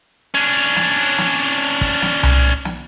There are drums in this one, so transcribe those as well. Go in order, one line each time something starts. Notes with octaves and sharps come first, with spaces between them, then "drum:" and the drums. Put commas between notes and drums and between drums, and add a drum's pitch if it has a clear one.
C#4 D4
drum: snare
drum: snare
drum: kick
drum: snare
drum: tom C2
drum: snare